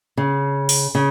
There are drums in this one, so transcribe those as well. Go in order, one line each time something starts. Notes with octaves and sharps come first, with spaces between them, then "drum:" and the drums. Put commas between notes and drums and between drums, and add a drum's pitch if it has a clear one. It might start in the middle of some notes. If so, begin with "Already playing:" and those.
C#3
drum: open hi-hat
C#3